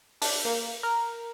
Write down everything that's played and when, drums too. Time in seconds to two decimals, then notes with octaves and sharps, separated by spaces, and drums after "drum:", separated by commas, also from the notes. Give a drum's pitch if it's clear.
0.22 D4, drum: open hi-hat
0.45 A#3
0.83 A#4